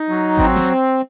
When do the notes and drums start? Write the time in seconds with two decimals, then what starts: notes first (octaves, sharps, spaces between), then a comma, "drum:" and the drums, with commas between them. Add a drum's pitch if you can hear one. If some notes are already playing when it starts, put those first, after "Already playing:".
Already playing: D#4
0.09 F#3
0.38 C4, drum: kick G#1
0.56 drum: snare